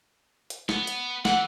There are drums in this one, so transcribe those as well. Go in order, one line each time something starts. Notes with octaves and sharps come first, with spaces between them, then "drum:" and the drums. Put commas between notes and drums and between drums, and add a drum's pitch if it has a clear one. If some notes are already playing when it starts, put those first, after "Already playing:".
drum: hi-hat
B3, drum: snare
drum: hi-hat
E3 F#5, drum: snare